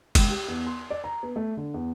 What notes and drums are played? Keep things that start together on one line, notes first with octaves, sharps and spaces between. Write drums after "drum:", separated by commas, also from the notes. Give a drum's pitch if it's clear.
C#2, drum: kick F#1, cymbal
G4
E2
C6
D5
A#5
B3
A3
D3
E2